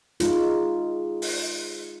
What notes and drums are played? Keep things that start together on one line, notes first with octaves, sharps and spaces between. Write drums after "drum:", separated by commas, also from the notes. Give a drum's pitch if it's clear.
G#3 D#4 F4, drum: hi-hat
drum: open hi-hat